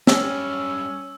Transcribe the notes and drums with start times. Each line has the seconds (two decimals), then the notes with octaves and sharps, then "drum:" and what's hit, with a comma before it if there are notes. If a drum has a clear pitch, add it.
0.07 F#2 G3 C#4 E6, drum: snare